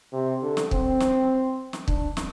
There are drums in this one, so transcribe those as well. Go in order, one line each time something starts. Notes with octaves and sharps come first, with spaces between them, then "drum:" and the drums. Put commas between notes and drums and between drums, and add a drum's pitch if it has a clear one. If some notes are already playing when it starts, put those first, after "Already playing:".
C3
D3
drum: snare
C4, drum: kick
drum: snare
drum: snare
D4, drum: kick
drum: snare